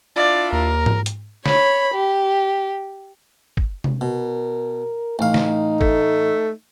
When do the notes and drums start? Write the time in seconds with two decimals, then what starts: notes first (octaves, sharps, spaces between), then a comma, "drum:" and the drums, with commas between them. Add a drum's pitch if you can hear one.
0.16 D4 E4 F4 D5
0.52 D#2 A#4
0.86 drum: tom G#2
1.06 drum: hi-hat
1.46 C#5 B5, drum: snare
1.94 G4
3.57 drum: kick
3.84 drum: tom C3
4.01 B2 A#4
5.19 A1 D#4 F5
5.34 drum: snare
5.81 A3, drum: kick